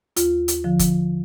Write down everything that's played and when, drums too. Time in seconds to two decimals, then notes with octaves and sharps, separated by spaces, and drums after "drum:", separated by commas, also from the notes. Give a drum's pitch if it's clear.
0.16 D#2 F4, drum: hi-hat
0.48 drum: hi-hat
0.64 D3 F3
0.79 drum: kick F#1, hi-hat